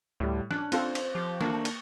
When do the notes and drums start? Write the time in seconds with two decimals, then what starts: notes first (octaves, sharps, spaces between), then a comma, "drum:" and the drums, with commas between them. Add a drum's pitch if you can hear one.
0.20 D2 A2 G3
0.51 C#4 D4 F#6, drum: snare
0.72 C4 F4 A4 C5, drum: cymbal
0.95 drum: cymbal
1.15 F3 G4
1.41 D#2 A3 A#3 D4 F#4, drum: snare
1.65 drum: cymbal